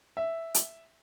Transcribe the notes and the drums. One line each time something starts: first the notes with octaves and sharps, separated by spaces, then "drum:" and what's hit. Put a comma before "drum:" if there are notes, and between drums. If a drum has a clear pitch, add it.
E5
drum: hi-hat